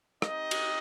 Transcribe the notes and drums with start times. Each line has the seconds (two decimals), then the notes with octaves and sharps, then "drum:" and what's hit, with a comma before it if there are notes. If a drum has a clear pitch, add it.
0.22 C4 D#4 G4 D#5, drum: rim click
0.51 drum: cymbal